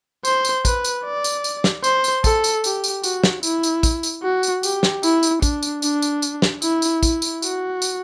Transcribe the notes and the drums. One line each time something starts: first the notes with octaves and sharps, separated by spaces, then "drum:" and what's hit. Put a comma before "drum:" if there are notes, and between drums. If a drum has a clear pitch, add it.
C5, drum: tambourine
drum: tambourine
B4, drum: kick, tambourine
drum: tambourine
D5
drum: tambourine
drum: tambourine
drum: snare
C5, drum: tambourine
drum: tambourine
A4, drum: kick, tambourine
drum: tambourine
G4, drum: tambourine
drum: tambourine
F#4, drum: tambourine
drum: snare
E4, drum: tambourine
drum: tambourine
drum: kick, tambourine
drum: tambourine
F#4
drum: tambourine
G4, drum: tambourine
drum: snare
E4, drum: tambourine
drum: tambourine
D4, drum: kick, tambourine
drum: tambourine
D4, drum: tambourine
drum: tambourine
drum: tambourine
drum: snare
E4, drum: tambourine
drum: tambourine
E4, drum: kick, tambourine
drum: tambourine
F#4, drum: tambourine
drum: tambourine